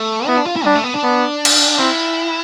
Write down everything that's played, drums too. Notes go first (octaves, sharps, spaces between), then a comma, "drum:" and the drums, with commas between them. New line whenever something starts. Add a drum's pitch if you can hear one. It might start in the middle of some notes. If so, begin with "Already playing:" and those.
Already playing: A3
B3 E4
D4
F4
E4
G3 D4
A3
B3
D4
B3
drum: cymbal
C4 E4